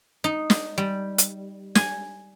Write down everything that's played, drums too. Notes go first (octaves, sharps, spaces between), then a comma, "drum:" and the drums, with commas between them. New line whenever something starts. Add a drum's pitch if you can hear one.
D#4
drum: snare
G3
drum: hi-hat
G#5, drum: snare